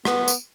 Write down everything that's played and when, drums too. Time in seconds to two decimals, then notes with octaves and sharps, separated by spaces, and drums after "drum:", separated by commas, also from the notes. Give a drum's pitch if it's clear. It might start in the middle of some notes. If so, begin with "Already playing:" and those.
0.05 B3, drum: rim click
0.28 drum: tambourine